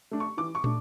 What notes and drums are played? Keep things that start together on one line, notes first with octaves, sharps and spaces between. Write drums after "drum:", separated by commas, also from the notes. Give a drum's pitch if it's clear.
A3 D4
C#6
E3 D6
C#6
A3 D4, drum: tom